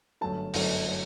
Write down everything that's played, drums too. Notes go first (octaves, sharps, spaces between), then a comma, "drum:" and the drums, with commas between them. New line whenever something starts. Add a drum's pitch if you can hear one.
G1 F#2 F#3 A3 A5
G1 F#2 F#3 A3, drum: open hi-hat
F#3 A3